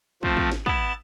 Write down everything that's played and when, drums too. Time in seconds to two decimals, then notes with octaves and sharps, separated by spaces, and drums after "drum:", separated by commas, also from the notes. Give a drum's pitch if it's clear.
0.23 F3 A3 C4, drum: kick
0.37 drum: kick
0.52 drum: snare
0.66 B3 E4 A5, drum: kick